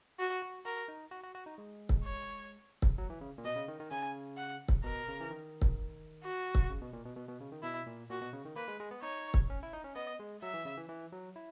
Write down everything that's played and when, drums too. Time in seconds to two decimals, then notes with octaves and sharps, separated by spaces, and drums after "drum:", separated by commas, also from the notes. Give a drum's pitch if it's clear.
0.19 F#4
0.42 F#4
0.65 F#4 A#4
0.88 D#4
1.11 F#4
1.23 F#4
1.35 F#4
1.46 D#4
1.58 G#3
1.89 drum: kick
2.04 C#5
2.82 drum: kick
2.98 F#3
3.10 E3
3.21 C#3
3.38 A#2
3.44 B2 D#5
3.56 C#3
3.68 D#3
3.80 D#3
3.91 C#3 G#5
4.37 F#5
4.68 drum: kick
4.84 B2 A#4
5.08 C#3
5.20 E3
5.31 D#3
5.62 drum: kick
6.24 F#4
6.55 drum: kick
6.70 C#3
6.81 B2
6.93 A#2
7.05 B2
7.16 B2
7.28 B2
7.40 C#3
7.52 D#3
7.63 B2 E4
7.87 A#2
8.10 A#2 F#4
8.21 B2
8.33 C#3
8.45 D#3
8.56 A#3 B4
8.68 G#3
8.80 G#3
8.91 B3
9.02 D#4 C#5
9.34 drum: kick
9.50 C#4
9.63 E4
9.73 D#4
9.84 C#4
9.95 B3 D#5
10.20 G#3
10.42 F#3 E5
10.54 E3
10.65 C#3
10.77 E3
10.89 E3
11.12 F#3
11.36 E4